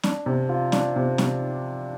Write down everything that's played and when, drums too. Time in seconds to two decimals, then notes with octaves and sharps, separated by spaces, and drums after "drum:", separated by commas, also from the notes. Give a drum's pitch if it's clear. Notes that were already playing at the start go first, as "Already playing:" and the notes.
0.03 D4, drum: snare
0.26 C3
0.49 F4
0.72 D4, drum: snare
0.96 C3
1.18 C3, drum: snare